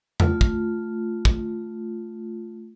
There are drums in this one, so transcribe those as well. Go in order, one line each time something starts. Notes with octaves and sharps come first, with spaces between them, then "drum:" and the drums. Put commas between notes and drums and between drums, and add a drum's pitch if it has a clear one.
A3 F4, drum: tom E2
drum: kick
drum: kick